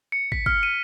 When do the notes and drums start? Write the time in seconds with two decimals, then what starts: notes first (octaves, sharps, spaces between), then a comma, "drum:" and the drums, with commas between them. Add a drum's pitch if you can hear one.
0.12 C#7
0.32 B6, drum: kick
0.46 F6, drum: kick
0.63 D#7